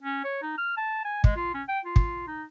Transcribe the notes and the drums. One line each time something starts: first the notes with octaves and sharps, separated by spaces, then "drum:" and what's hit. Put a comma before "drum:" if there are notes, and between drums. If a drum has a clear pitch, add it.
C#4
C#5
D#4
F6
A5
G#5
G#3, drum: kick
F4
C#4
G5
F4
drum: kick
D#4